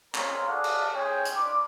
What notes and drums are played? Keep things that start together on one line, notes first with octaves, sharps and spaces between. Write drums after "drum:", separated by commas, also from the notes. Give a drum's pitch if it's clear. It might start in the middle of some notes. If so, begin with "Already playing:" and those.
G#3 C4 F4 A#4 C#5, drum: clap
G#4 A4 D5 F5 F#5
drum: cymbal
C4 G#4 C#5 G5
drum: hi-hat
D4 F4 B5 D6